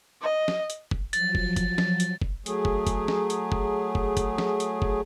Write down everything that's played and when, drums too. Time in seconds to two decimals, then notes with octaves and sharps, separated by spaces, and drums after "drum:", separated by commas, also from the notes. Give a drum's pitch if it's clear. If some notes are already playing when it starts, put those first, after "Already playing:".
0.22 D#5
0.48 drum: snare
0.70 drum: hi-hat
0.91 drum: kick
1.13 F3 F#3 A6, drum: hi-hat
1.35 drum: kick
1.56 drum: kick, hi-hat
1.78 drum: snare
2.00 drum: hi-hat
2.22 drum: kick
2.46 F#3 A3 G#4, drum: hi-hat
2.65 drum: kick
2.87 drum: kick, hi-hat
3.08 drum: snare
3.30 drum: hi-hat
3.52 drum: kick
3.95 drum: kick
4.17 drum: kick, hi-hat
4.38 drum: snare
4.60 drum: hi-hat
4.82 drum: kick